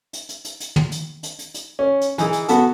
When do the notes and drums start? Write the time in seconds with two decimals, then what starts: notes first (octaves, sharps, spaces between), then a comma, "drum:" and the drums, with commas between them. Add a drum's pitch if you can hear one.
0.13 drum: hi-hat
0.29 drum: hi-hat
0.45 drum: hi-hat
0.60 drum: hi-hat
0.76 drum: tom
0.92 drum: hi-hat
1.23 drum: hi-hat
1.39 drum: hi-hat
1.54 drum: hi-hat
1.79 C#4
2.01 drum: hi-hat
2.18 E3 D#4 G#4, drum: hi-hat
2.33 drum: hi-hat
2.48 B3 F#4 A4, drum: hi-hat